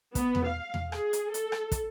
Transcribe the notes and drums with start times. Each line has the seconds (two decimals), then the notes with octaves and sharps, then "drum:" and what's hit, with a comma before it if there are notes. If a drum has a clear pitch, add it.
0.15 B3, drum: kick, hi-hat
0.35 drum: tom E2
0.46 F5
0.74 drum: tom E2
0.92 G#4, drum: rim click
1.13 drum: hi-hat
1.34 A4, drum: hi-hat
1.52 drum: rim click
1.72 drum: kick, hi-hat